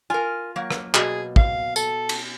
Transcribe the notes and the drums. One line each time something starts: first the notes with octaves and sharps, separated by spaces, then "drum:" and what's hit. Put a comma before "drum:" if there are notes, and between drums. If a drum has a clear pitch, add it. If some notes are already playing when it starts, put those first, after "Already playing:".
F4 A#4 G#5
F#3 A#3
drum: rim click
B2 G#4, drum: clap
F5, drum: kick
A4, drum: tambourine
drum: cymbal